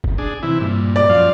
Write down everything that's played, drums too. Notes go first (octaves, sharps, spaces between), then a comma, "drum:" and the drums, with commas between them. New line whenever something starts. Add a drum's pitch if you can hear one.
drum: kick
D4 G#4
C3 E3 E4
G2 A#2
D5 D6
F#2 F3 F5